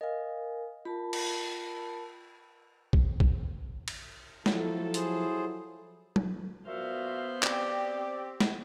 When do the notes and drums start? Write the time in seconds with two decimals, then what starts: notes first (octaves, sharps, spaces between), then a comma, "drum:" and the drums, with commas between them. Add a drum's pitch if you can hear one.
0.01 A#4 D#5 F5 G#5
0.85 F4 A#4 A5 B5
1.13 drum: cymbal
2.93 drum: kick A#1
3.20 drum: kick A#1
3.88 drum: cymbal
4.46 F3 F#3 E4 A4, drum: snare
4.94 G#4 C5, drum: hi-hat
6.16 drum: tom F#3
6.67 A#2 B3 F#4 C5 E5 F5
7.43 C4 G4 D5, drum: clap
8.41 drum: snare